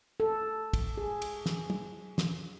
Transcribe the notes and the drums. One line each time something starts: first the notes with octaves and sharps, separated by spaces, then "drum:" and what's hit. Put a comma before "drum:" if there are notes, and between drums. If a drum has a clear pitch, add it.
A4
drum: kick, cymbal
G#4
drum: cymbal
drum: snare
drum: tom
drum: snare